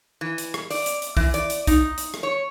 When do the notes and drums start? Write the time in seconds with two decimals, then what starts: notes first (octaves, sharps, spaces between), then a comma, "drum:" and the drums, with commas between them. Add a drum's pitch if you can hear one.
0.21 E3
0.38 drum: hi-hat
0.54 drum: rim click
0.70 D5, drum: open hi-hat
0.86 drum: hi-hat
1.02 drum: hi-hat
1.17 E3, drum: kick, open hi-hat
1.34 D5, drum: hi-hat
1.50 drum: hi-hat
1.67 D#4, drum: kick, hi-hat
1.98 drum: hi-hat
2.14 drum: rim click
2.23 C#5